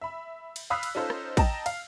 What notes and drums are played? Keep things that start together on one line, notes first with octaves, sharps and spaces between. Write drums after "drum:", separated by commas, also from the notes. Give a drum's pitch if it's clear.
E5 B5
drum: cymbal
F5 B5 D#6 E6 F#6 B6
drum: cymbal
C#4 D#4 F4 A4 C5
drum: rim click
D#5 G5 A5 A#5, drum: kick, cymbal
F5, drum: cymbal